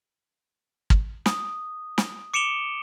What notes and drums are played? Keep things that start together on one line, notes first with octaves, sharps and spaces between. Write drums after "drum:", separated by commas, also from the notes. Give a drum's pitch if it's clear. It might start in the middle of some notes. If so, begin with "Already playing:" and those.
drum: kick
D#6, drum: snare
drum: snare
D6 C#7 D7 E7 F7 G7